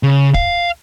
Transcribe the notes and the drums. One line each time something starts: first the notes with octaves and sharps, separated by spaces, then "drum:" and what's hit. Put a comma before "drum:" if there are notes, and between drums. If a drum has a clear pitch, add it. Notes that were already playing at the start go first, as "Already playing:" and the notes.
C#3
F5, drum: kick